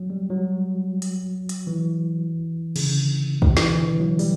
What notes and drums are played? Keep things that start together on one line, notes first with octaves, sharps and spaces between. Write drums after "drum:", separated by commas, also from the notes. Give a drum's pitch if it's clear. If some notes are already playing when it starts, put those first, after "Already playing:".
Already playing: F#3
G3
F#3
drum: hi-hat
drum: hi-hat
E3
C#3, drum: cymbal
D3
B2, drum: kick
E3, drum: snare
D3
E3
F#3
G3, drum: open hi-hat